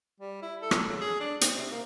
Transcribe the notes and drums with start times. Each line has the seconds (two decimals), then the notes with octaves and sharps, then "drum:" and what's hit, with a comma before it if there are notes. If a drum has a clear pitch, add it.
0.20 G3
0.42 E4
0.62 A4
0.71 drum: rim click
0.88 C#3
1.01 G#4
1.20 D4
1.41 C4, drum: hi-hat
1.55 C3
1.72 A#3